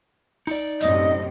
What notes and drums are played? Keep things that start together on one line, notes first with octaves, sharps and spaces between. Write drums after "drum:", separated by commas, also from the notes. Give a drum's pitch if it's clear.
D#4 D5, drum: open hi-hat
F#2 A2 C3 D#5, drum: hi-hat